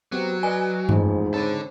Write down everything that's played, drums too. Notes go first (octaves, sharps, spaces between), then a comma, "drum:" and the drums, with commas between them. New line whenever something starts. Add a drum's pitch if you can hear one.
F#3 B3 C4 G4
B4 D5 D#5 G#5
A1 F2 G#2 E3, drum: tom G2
D3 C4 A4 C#5 B5